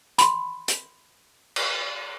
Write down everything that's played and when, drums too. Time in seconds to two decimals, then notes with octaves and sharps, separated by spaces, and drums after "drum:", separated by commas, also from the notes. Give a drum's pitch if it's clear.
0.18 B5 C6, drum: hi-hat
0.68 drum: hi-hat
1.56 drum: cymbal